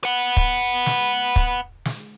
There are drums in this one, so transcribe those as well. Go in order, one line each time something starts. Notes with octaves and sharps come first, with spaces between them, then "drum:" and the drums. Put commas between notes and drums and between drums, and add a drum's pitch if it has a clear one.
B4 F#5
drum: kick
drum: snare
drum: kick
drum: snare